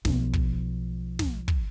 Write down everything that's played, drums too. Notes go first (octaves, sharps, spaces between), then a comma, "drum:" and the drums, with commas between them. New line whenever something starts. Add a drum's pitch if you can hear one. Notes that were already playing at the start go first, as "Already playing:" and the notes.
B1 F3, drum: snare
drum: kick
drum: snare
drum: kick